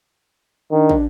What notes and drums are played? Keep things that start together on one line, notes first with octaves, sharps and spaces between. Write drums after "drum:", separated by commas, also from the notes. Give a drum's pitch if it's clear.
D#3 D4
drum: kick